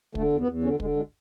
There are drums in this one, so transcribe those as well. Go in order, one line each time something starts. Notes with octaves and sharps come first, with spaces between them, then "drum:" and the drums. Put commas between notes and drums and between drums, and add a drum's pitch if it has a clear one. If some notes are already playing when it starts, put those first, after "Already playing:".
D3 A3, drum: kick
E2
B3
E2
D3 C#4
D3 G#3, drum: kick
G#3